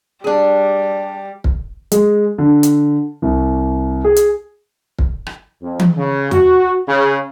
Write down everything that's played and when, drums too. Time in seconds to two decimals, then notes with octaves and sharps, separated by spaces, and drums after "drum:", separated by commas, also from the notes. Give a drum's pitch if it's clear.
0.24 G3 D4 G#4
1.44 drum: kick
1.92 G#3, drum: hi-hat
2.38 D3
2.63 drum: hi-hat
3.22 C2
4.04 G#4
4.16 drum: hi-hat
4.99 drum: kick
5.27 drum: rim click
5.62 F2
5.79 drum: tom E3
5.97 C#3
6.31 F#4, drum: tom E2
6.88 C#3